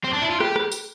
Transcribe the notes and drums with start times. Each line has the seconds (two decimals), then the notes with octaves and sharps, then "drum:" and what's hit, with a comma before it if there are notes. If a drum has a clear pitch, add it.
0.04 C4
0.13 D4
0.22 E4
0.31 F4
0.41 G4, drum: rim click
0.56 drum: rim click
0.72 drum: tambourine